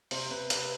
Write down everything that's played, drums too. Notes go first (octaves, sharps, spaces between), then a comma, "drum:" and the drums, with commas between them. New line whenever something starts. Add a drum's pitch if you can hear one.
C3 C5, drum: open hi-hat
C3 B4
C3 B4, drum: hi-hat